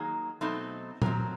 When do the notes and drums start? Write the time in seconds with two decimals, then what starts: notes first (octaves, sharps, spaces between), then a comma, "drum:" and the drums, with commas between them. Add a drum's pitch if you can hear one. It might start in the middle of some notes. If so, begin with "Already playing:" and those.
Already playing: D#3 F#3 A#3 D#4 G#4
0.41 B2 F#3 A3 C4 D#4
1.02 D#3 F#3 A3 C4 A#4, drum: tom A#2